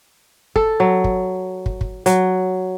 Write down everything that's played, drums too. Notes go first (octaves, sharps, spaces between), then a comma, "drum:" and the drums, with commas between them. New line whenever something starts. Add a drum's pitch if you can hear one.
A4, drum: kick
F#3
drum: kick
drum: kick
drum: kick
F#3, drum: hi-hat